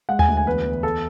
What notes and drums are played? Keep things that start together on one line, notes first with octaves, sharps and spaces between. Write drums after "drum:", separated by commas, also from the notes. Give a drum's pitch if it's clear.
G#3 F#5
G#5, drum: tom D#2
D2
G#5
E2 B4
E2
A4